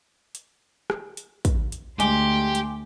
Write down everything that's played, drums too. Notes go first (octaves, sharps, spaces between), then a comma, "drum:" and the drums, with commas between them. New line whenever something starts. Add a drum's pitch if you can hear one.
drum: hi-hat
drum: rim click
drum: hi-hat
drum: kick, hi-hat
drum: hi-hat
D2 G#3 G4 G#5 C6 D6, drum: hi-hat
drum: hi-hat